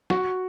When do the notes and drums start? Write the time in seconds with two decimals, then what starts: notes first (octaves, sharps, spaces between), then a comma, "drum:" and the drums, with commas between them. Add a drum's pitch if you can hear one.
0.10 F#4, drum: snare